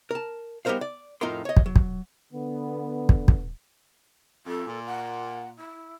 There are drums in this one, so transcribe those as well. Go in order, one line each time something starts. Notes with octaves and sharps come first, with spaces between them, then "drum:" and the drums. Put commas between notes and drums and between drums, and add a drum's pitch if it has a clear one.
A#4 A5
G3 B3 D#4 A#4 C5 F5
D5
F2 A2 D#4 F4 A#4 C6
C#5 D#5
drum: kick
F#3
drum: kick
D3 B3
drum: kick
drum: kick
F2 A4
A#2
F#5
E4